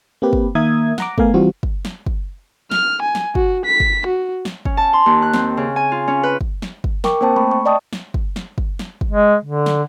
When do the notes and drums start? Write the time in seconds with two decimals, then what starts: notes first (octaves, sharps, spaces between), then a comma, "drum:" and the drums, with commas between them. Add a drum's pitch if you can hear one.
0.22 A#3 C4 G4 B4
0.33 drum: kick
0.55 D#3 A#3 A#4 E5 D#6 G#6
0.98 F#5 A#5 D6, drum: snare
1.18 A3 B3 A#4 F5 G#5, drum: kick
1.34 E3 G3 C4 F4 F#4
1.63 drum: kick
1.85 drum: snare
2.06 drum: kick
2.71 F6, drum: snare
3.02 G#5
3.15 drum: snare
3.35 F#4, drum: kick
3.66 B6
3.80 drum: kick
4.07 F#4
4.45 drum: snare
4.65 C#4, drum: kick
4.77 A5
4.93 C6
5.06 D#2
5.22 F#6
5.34 C4, drum: snare
5.57 C#3
5.76 G#5
5.92 F4
6.08 C#4
6.23 B4
6.41 drum: kick
6.62 drum: snare
6.84 drum: kick
7.04 A#4 G5 C#6 D6, drum: snare
7.21 A#3 C4 C5 G5 A5
7.36 A3 B5 C#6
7.51 C#6
7.65 D5 D#5 G5 A5 C#6 D#6
7.93 drum: snare
8.14 drum: kick
8.36 drum: snare
8.58 drum: kick
8.79 drum: snare
9.01 drum: kick
9.11 G#3
9.45 D3
9.66 drum: snare